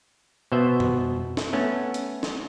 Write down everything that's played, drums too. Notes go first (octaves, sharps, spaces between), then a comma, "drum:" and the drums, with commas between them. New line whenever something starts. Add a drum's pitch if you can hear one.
B2 B3 C5 E5
drum: tom F2
drum: snare
A3 B3 C#4
drum: hi-hat
drum: snare